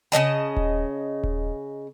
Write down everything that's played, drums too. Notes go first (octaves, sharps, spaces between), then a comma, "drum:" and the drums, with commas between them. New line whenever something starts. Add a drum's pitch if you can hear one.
C#3 A3 D#5 A5
drum: kick D#1
drum: kick D#1